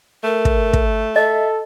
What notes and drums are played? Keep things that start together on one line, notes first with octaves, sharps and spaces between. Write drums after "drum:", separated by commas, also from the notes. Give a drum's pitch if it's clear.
A3 A#4
drum: kick
drum: kick
A4 D#5 E5